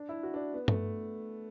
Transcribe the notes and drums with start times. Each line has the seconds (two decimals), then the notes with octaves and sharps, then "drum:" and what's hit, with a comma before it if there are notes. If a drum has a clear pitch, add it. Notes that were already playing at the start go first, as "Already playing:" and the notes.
Already playing: D4
0.09 E4
0.23 F#4
0.34 D4
0.54 B3
0.68 A3, drum: tom G2